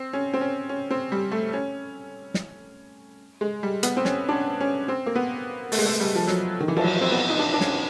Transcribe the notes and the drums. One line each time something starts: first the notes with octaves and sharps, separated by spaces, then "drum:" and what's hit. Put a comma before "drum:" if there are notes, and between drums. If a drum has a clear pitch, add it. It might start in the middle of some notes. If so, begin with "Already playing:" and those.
Already playing: C4
C#4
C4
C#4
C#4
C4
G3
A3
C#4
drum: snare
G#3
G3
B3, drum: hi-hat
C4
C#4, drum: snare
D4
C#4
C#4
C4
A#3
B3
A3, drum: open hi-hat
G#3
A3
G3
F3
F#3, drum: snare
D#3
E3
F3, drum: cymbal
F#3
C4
B3
D#4
D4
D4
C#4, drum: snare